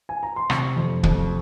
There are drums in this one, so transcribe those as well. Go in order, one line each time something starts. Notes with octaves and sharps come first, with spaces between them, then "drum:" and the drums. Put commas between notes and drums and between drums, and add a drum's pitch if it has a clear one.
G#5
A#5
C6
C3 C#6, drum: rim click
F2
F2, drum: kick